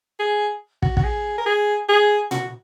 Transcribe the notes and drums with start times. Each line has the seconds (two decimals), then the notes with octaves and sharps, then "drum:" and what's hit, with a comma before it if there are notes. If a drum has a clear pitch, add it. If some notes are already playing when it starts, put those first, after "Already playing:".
0.19 G#4
0.82 F#4, drum: kick
0.97 F#4, drum: kick
1.04 G#4
1.38 A#4
1.46 G#4
1.89 G#4
2.31 F#4, drum: tom A#2